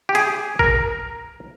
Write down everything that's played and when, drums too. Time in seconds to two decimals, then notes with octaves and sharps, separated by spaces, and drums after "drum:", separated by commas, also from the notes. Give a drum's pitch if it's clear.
0.09 G4
0.15 G#4, drum: hi-hat
0.59 A#4, drum: kick A1